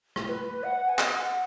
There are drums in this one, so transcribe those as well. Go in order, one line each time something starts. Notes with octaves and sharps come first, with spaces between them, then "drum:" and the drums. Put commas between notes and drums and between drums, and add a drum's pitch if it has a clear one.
drum: rim click
B4
F#5
G#5
F#5, drum: clap